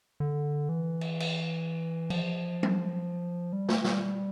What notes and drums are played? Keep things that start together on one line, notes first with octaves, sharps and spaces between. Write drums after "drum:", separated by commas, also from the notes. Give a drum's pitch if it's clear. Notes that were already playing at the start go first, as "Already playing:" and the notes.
D3
E3
drum: cymbal
drum: cymbal
F3, drum: cymbal
drum: tom F#3
G3
A3, drum: snare
G3, drum: snare